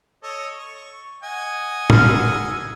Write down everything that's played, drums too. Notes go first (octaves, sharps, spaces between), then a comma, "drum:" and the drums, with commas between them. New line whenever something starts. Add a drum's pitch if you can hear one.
A4 C#5 D#5
C#6
D#5 F#5 G#5
F6, drum: tom
E6